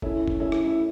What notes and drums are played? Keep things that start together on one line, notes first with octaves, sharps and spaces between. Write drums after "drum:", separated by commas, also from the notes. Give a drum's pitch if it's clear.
A3 C#4 E4, drum: kick
drum: kick
A3 C#4 E4
drum: rim click
E4